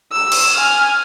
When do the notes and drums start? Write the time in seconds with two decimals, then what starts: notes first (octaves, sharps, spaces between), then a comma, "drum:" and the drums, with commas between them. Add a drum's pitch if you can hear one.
0.12 E6
0.32 drum: cymbal
0.57 G#5 F6